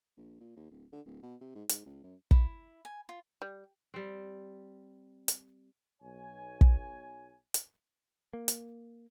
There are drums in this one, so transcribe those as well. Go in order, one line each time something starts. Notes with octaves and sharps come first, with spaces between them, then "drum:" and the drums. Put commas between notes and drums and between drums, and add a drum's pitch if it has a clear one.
A#1
A#2
D#2
D1
D3
D1
B2
C3
G#2
G#2, drum: hi-hat
C#2
F#2
E4, drum: kick
G#5
F4
G3
G3 C4
drum: hi-hat
B1 C#5 G#5
drum: kick
drum: hi-hat
A#3
drum: hi-hat